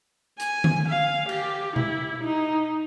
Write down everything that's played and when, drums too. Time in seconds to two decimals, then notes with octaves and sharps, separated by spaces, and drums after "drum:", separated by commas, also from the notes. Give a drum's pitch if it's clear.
0.40 G#5, drum: hi-hat
0.64 drum: tom D3
0.88 F5
1.29 G4, drum: cymbal
1.76 E4, drum: tom B2
2.23 D#4